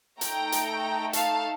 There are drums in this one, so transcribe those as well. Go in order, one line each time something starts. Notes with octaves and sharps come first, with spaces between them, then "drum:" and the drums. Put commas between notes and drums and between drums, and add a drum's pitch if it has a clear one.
A3 D#4 A4 G5 A#5, drum: hi-hat
drum: hi-hat
F5 A5, drum: hi-hat